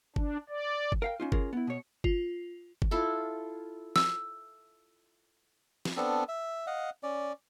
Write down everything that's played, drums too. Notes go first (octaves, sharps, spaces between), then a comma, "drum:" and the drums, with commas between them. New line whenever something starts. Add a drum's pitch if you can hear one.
D4, drum: kick G1
D5
drum: kick G1
A#4 F5 G5
C#4 D#4 F4
C#4 F4 G#4 A#4, drum: kick G1
B3 E4
B2 C#5
F4, drum: kick G1
drum: kick G1
E4 F4 A4
E6, drum: snare
drum: snare
B3 C4 D4 A4
E5
D#5 F5 F#5
C#4 D5